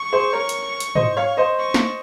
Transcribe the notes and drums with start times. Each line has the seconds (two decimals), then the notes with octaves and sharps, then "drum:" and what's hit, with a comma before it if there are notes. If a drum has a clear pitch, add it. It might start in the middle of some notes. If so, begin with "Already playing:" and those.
Already playing: C#6
0.12 G#4 C5
0.33 A#4 C#5
0.49 drum: hi-hat
0.80 drum: hi-hat
0.95 C5 D#5, drum: tom
1.17 C#5 F5
1.37 C5 D#5
1.59 C#6
1.74 drum: snare